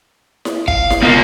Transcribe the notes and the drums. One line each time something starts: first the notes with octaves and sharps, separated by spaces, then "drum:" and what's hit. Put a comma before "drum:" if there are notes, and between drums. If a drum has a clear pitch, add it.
drum: snare E4
F5, drum: kick
drum: snare E4
A#3 B3 D#4 F4 A#4